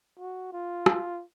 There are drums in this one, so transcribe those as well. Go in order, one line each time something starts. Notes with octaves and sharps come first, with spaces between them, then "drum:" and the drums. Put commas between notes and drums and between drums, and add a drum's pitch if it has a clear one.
F#4
F4
drum: rim click